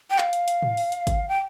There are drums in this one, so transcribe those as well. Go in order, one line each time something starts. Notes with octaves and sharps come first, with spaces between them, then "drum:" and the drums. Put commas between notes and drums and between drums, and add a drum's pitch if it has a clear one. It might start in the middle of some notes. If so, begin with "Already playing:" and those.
G5
F5, drum: clap
drum: hi-hat
drum: hi-hat
drum: tom G#2
drum: open hi-hat
drum: hi-hat
drum: kick G1, hi-hat
G5